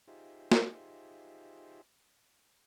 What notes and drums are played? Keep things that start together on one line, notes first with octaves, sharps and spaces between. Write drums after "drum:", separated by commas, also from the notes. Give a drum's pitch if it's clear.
D#4 F4 G4 G#4 C5 E5
drum: snare